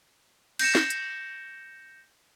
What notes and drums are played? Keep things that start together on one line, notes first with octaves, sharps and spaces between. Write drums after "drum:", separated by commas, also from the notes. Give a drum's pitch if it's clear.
G6 A#6 C#7 E7, drum: cymbal
drum: snare
drum: hi-hat